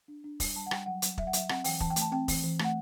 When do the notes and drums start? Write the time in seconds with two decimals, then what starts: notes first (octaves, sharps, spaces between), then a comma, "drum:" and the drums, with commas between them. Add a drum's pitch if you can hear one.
0.08 D4
0.24 D4
0.40 G3, drum: kick, open hi-hat
0.56 G3 A5
0.66 F#5
0.71 G3 G5, drum: rim click
0.86 F#3 F#5
1.02 F#3, drum: hi-hat
1.18 F#3 E5, drum: kick
1.27 F#5
1.33 F#3 E5, drum: hi-hat
1.49 C4 F#5, drum: rim click
1.64 E3 G5, drum: open hi-hat
1.80 E3 A5, drum: kick
1.90 G5
1.96 A3, drum: hi-hat
2.01 A5
2.12 C4 G5
2.28 E3, drum: kick, open hi-hat
2.44 E3
2.59 A3, drum: rim click
2.64 F#5